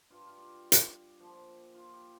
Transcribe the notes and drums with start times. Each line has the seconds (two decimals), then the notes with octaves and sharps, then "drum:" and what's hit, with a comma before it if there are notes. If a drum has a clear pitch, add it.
0.10 G2 G3 F4
0.27 F4
0.39 G4
0.72 drum: hi-hat
1.20 A#2 F3
1.74 F4
1.93 G4